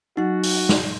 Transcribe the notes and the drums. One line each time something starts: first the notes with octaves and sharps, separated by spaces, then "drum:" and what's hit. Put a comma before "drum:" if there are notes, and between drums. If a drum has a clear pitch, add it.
F#3 D#4 F#4 F#5
drum: open hi-hat
drum: snare